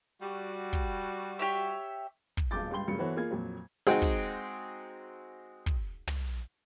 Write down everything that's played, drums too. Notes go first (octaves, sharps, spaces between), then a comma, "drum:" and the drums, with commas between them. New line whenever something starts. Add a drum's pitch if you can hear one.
G3 F#4
drum: kick
G4 C#5 E5
drum: kick
D#1 B1 G#3 D6 G6 A6
C#2 G2 G5 C6 G7
G2 C#3 F#3 A#3 C#7
E3 B3 F#4 A4 C5 C#5
A#3 F4 G#4 G#6
F2 A#2 F#3
G#3 C4 D#4 F#4 G#4 G5
drum: kick
drum: kick
drum: tom